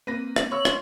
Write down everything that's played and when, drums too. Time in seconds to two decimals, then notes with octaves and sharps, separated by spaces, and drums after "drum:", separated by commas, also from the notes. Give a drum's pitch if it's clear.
0.07 A#3 C4 B4 A#6 D#7
0.36 F#7, drum: rim click
0.51 C#5 C#6 E6
0.65 F4 C6, drum: rim click